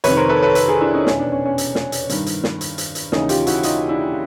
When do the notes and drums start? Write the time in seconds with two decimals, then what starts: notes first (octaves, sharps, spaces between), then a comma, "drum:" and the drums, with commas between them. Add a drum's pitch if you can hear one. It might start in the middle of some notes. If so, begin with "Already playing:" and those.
0.04 F2 C3 D#3 B4 C#5, drum: hi-hat
0.17 A#4 C5
0.29 A4 B4
0.42 A4 B4
0.55 A4 B4, drum: hi-hat
0.68 G#4 A#4
0.81 D4 E4
0.94 C#4 D#4
1.06 E2 B2 C#4, drum: snare
1.20 D4
1.32 C#4
1.46 C#4
1.58 drum: hi-hat
1.75 drum: snare
1.92 drum: hi-hat
2.09 G2 D#3, drum: hi-hat
2.26 drum: hi-hat
2.44 drum: snare
2.61 drum: hi-hat
2.78 drum: hi-hat
2.95 drum: hi-hat
3.12 D#2 C#3 E3 C#4 D#4, drum: snare
3.29 F4 G4, drum: hi-hat
3.47 E4 F#4, drum: hi-hat
3.63 D#4 F4, drum: hi-hat
3.89 D4 E4